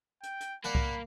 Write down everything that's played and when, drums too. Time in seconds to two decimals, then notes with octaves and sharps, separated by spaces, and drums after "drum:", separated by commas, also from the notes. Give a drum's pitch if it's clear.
0.23 G5, drum: hi-hat
0.40 drum: hi-hat
0.64 A#3 D5 F#5 A5 B5
0.75 drum: kick C2